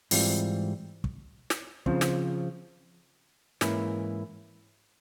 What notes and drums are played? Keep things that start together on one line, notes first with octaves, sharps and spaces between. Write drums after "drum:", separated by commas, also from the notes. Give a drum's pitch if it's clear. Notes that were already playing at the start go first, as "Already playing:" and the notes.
G#2 E3 G3 C4 F4, drum: open hi-hat
drum: kick
drum: snare
C#3 F3 C4, drum: kick
drum: snare
G#2 E3 A#3 C#4 E4, drum: snare